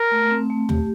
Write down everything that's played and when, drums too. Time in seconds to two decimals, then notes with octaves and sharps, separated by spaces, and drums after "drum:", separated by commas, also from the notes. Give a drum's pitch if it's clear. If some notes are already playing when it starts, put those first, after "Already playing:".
Already playing: A#4
0.11 A3
0.31 C4
0.50 A3
0.69 G4, drum: tom